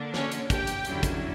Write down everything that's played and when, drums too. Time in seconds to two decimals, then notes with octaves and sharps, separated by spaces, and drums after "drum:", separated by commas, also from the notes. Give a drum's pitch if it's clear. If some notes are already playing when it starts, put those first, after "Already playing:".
Already playing: D3 A#3 D4
0.14 C#4 C#5, drum: snare
0.32 drum: hi-hat
0.50 G4 G5, drum: kick, hi-hat
0.67 drum: hi-hat
0.85 E2 D3 F#3 C#4 E4, drum: hi-hat
1.03 drum: kick, hi-hat